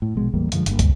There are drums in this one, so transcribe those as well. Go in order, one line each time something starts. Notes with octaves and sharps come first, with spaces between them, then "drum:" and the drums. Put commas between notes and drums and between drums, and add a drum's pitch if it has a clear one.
A2
A#1 B2 G#3
A1 E2 G3 A#3
F#2 D3 F3 G#3, drum: hi-hat
G1 G2 A#3, drum: hi-hat
G1 C2, drum: kick, hi-hat